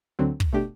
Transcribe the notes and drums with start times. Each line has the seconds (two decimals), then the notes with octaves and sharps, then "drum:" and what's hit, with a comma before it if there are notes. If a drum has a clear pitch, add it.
0.19 D2 D3 F#3 C4
0.40 drum: kick
0.53 B2 A3 D4 G4